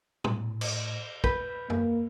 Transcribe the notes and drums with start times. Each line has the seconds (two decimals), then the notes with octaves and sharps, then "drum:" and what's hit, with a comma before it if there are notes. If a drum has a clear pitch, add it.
0.24 A2, drum: tom
0.61 drum: cymbal
1.24 B4 B5 G6, drum: kick
1.70 A#3, drum: tom F#2